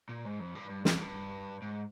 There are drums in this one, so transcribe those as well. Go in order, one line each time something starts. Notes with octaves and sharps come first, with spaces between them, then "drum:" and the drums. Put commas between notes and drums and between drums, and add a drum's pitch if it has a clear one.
A#2
G#2
F2
G2
G2
F2, drum: snare
F2
G2
G#2